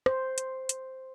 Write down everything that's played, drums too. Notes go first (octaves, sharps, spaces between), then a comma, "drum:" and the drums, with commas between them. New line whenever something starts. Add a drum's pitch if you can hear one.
C5, drum: rim click
drum: hi-hat
drum: hi-hat